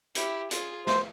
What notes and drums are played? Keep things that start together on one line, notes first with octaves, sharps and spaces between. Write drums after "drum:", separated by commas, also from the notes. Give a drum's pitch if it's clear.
E4 G4, drum: hi-hat
F4 G#4, drum: hi-hat
C5, drum: snare